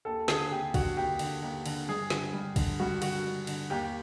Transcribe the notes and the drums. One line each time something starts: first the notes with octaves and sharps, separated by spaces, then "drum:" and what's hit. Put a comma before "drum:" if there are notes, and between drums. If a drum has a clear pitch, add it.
D#2 A4
D3 G#4, drum: snare
D#2 G4
D3 F#4, drum: kick, cymbal
D#2 G4
D3, drum: cymbal
D#2
D3, drum: cymbal
G2 G#4
D3, drum: snare
G2
D3, drum: kick, cymbal
G2 F#4
D3 F#4, drum: cymbal
G2
D3, drum: cymbal
D#2 G4